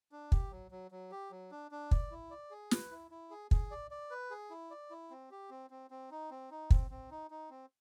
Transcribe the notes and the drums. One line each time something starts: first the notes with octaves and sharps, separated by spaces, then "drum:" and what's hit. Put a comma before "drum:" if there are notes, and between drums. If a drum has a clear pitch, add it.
D4
G4, drum: kick
F#3
F#3
F#3
G4
F#3
D4
D4
D5, drum: kick
E4
D5
G#4
B4, drum: snare
E4
E4
G#4
G#4, drum: kick
D5
D5
B4
G#4
E4
D5
E4
C4
G4
C4
C4
C4
D#4
C4
D#4
C4, drum: kick
C4
D#4
D#4
C4